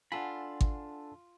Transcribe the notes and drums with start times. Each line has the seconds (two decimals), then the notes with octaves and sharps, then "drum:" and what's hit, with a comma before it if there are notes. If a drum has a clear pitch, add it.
0.12 D4 F4 A4 F#5 G#5 B5
0.61 drum: kick G#1